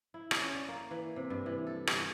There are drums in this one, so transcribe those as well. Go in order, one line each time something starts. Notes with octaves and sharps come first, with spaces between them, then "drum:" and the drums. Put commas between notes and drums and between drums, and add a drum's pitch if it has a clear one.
E4
drum: rim click
C#4
D5
A#3
E3
C3
G2
E3
A4
G4, drum: rim click